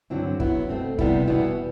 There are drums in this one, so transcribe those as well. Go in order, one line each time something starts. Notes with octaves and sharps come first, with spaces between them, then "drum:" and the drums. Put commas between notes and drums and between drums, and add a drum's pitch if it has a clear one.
G2 D3 F#3 C4 E4
F#2 F#3 B3 E4, drum: kick
B2 A3 C4
C3 G3 B3 E4, drum: kick
E2 B2 G3 B3 E4